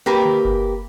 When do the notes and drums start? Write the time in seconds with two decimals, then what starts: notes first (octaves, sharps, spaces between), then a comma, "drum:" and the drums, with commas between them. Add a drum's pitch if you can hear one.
0.06 A#3 G4 A#4 B4
0.25 drum: tom D3
0.45 drum: kick F#1